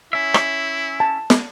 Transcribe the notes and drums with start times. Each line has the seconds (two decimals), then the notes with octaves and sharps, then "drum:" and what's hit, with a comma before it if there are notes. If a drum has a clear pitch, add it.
0.13 C#4 E4 E5
0.34 drum: rim click
1.00 A5
1.30 drum: snare